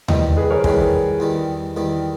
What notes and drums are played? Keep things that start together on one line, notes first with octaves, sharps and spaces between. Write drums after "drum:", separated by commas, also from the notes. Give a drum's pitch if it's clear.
E2 D#3 G3 D#5 G5, drum: tom D#2
G#4 B4
A#4 C#5
E2 D#3 G3 G#4 B4, drum: kick
E2 D#3 G3
E2 D#3 G3 A#4